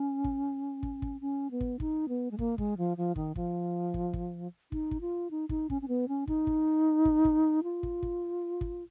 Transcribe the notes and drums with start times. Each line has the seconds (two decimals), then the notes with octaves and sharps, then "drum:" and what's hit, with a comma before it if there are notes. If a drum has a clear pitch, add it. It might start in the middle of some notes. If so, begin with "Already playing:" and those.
Already playing: C#4
0.24 drum: kick
0.83 drum: kick
1.02 drum: kick
1.21 C#4
1.51 B3
1.61 drum: kick
1.80 D#4, drum: kick
2.09 B3
2.31 G#3
2.39 A#3, drum: kick
2.58 G#3, drum: kick
2.78 F3
2.97 F3
3.16 D#3, drum: kick
3.36 F3, drum: kick
3.94 drum: kick
4.13 drum: kick
4.72 D#4, drum: kick
4.91 drum: kick
5.01 F4
5.31 D#4
5.49 D#4, drum: kick
5.70 C#4, drum: kick
5.82 C#4
5.88 B3
6.08 C#4
6.27 D#4, drum: kick
6.47 drum: kick
7.05 drum: kick
7.25 drum: kick
7.64 F4
7.83 drum: kick
8.03 drum: kick
8.61 drum: kick